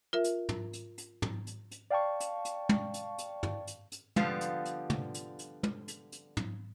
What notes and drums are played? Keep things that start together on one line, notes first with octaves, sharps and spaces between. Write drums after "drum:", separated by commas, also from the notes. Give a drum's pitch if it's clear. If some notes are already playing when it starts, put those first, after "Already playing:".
F4 A#4 E5
drum: hi-hat
drum: tom
drum: hi-hat
drum: hi-hat
drum: tom
drum: hi-hat
drum: hi-hat
D5 F5 G5 A5 C#6
drum: hi-hat
drum: hi-hat
drum: tom
drum: hi-hat
drum: hi-hat
drum: tom
drum: hi-hat
drum: hi-hat
D3 F3 G3 B3 F4, drum: tom
drum: hi-hat
drum: hi-hat
drum: tom
drum: hi-hat
drum: hi-hat
drum: tom
drum: hi-hat
drum: hi-hat
drum: tom